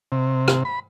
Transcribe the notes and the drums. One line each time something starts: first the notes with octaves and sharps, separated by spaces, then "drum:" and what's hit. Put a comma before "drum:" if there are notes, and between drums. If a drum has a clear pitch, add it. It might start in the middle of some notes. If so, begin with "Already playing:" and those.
C3
drum: rim click
B5